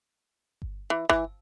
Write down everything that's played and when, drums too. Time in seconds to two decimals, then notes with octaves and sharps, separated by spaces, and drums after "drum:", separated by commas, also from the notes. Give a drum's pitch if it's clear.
0.62 drum: kick G1
0.90 E3
1.09 E3, drum: kick G1